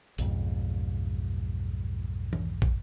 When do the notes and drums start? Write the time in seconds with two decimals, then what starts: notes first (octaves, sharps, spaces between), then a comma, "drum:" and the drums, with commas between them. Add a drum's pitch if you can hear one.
0.18 B1 F2 G#2, drum: hi-hat
2.33 drum: tom E3
2.62 drum: kick